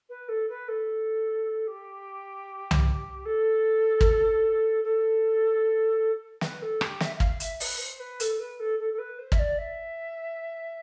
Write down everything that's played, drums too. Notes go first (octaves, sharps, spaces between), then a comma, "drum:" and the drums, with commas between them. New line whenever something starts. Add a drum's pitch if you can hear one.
B4
A4
B4
A4
G4
drum: tom C2
A4
drum: kick
A4
B4, drum: snare
A4
G4, drum: rim click
E5, drum: snare
E5
F5, drum: kick
E5, drum: hi-hat
B4, drum: open hi-hat
C5
B4
A4, drum: hi-hat
B4
A4
A4
A4
B4
C5
E5, drum: kick
D5
E5